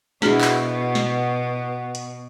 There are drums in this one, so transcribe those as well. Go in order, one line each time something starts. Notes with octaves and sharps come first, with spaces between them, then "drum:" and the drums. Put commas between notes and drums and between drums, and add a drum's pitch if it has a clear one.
B2 B3 D4 E4 F#4 G#4 C5, drum: snare
drum: clap
drum: snare
drum: hi-hat